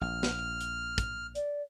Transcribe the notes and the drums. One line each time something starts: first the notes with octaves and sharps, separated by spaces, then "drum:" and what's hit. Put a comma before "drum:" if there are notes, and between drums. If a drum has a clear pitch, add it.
A#1 F6
drum: snare
drum: hi-hat
drum: kick, hi-hat
D5, drum: hi-hat